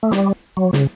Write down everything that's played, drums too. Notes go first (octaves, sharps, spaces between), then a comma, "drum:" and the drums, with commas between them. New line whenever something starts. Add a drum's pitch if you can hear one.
A3
G3, drum: snare
F#3
C#3, drum: snare